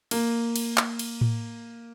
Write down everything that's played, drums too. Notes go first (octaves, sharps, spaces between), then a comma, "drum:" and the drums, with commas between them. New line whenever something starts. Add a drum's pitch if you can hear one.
A#3, drum: cymbal
drum: cymbal
drum: clap
drum: cymbal
drum: tom A2